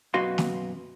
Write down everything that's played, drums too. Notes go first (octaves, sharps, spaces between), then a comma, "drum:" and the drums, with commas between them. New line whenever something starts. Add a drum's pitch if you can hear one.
F#2 B2 F#4 B4 F5 C6
drum: snare